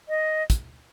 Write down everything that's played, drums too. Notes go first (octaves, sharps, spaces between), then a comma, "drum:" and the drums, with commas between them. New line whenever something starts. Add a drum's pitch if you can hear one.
D#5
drum: kick, hi-hat